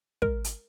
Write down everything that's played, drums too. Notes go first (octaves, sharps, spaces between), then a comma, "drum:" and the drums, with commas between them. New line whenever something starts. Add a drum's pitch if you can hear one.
G#3 A#4, drum: kick
drum: hi-hat